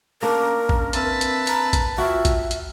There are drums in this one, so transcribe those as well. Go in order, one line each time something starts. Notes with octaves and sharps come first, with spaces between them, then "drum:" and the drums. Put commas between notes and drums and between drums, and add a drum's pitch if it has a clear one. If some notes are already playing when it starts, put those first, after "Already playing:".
A#3 C#4 D4 A#4
drum: kick
C4 B4 E5 A5 E6, drum: hi-hat
drum: hi-hat
A#5, drum: hi-hat
drum: kick, hi-hat
F4 F#4 E5 G5
drum: kick, hi-hat
drum: hi-hat